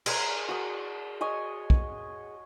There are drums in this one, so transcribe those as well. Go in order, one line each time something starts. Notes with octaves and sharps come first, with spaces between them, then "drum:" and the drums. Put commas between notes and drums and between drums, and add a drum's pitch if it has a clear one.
G#4 A#4, drum: cymbal
F#4 D#6
C#5 D#5 G#5
drum: kick